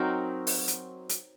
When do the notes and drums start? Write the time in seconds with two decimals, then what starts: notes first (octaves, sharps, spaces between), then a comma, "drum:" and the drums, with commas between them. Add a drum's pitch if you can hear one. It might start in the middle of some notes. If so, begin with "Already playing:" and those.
Already playing: F#3 C4 D#4 A#4
0.47 drum: open hi-hat
0.68 drum: hi-hat
1.09 drum: hi-hat